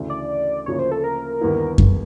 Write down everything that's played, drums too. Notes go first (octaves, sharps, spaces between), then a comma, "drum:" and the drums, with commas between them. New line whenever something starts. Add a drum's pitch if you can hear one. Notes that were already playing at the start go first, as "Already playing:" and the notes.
Already playing: D2 C#3 E3 A3 D4
D5
D2 C#3 F3 A#3 C#5
C5
A4
A#4
D#2 D3 G3 B3 E4
drum: kick F#2